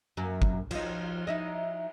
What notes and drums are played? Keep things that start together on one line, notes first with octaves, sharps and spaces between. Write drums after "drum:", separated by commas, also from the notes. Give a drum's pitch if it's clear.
F#2 A#3
drum: kick
F3 D#4, drum: cymbal
D#4 E4 D#5